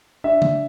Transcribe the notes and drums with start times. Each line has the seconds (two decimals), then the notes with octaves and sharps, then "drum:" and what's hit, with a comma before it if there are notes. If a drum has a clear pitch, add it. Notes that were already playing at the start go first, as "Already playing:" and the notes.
0.24 D4 E5
0.42 drum: tom C#3